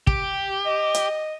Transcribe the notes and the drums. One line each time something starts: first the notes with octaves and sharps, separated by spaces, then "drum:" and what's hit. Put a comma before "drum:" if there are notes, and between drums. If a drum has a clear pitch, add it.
G4, drum: kick
D#5
drum: hi-hat